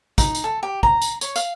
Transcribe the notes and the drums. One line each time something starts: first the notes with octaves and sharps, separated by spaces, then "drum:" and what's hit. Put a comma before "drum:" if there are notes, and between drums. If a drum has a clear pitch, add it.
D#4, drum: kick, tambourine
drum: tambourine
A4
G4
A#5, drum: kick
drum: tambourine
C#5, drum: tambourine
F5, drum: tambourine